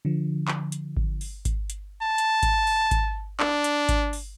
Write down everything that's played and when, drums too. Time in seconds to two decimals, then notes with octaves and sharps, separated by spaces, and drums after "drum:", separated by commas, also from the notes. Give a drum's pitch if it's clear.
0.05 D3 F3
0.48 drum: clap
0.72 drum: hi-hat
0.97 drum: kick G#1
1.21 drum: open hi-hat
1.45 drum: kick G#1, hi-hat
1.70 drum: hi-hat
2.02 A5
2.18 drum: hi-hat
2.43 drum: kick G#1, hi-hat
2.67 drum: open hi-hat
2.91 drum: kick G#1, hi-hat
3.40 D4, drum: clap
3.64 drum: hi-hat
3.89 drum: kick G#1, hi-hat
4.13 drum: open hi-hat